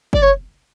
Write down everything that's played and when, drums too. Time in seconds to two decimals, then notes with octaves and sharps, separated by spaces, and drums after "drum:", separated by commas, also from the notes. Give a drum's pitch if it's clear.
0.13 D5, drum: kick F#1
0.22 C#5